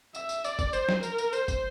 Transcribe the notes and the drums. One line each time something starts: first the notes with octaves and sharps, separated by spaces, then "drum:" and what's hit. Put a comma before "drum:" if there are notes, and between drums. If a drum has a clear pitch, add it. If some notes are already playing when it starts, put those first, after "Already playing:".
E5, drum: tambourine
drum: tambourine
D5, drum: tambourine
drum: kick, tambourine
C5, drum: tambourine
drum: snare
A#4, drum: tambourine
drum: tambourine
C5, drum: tambourine
drum: kick, tambourine